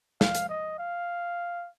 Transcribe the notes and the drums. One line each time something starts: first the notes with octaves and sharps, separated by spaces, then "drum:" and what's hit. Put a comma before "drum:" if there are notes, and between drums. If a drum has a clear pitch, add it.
F5, drum: snare
drum: hi-hat
D#5
F5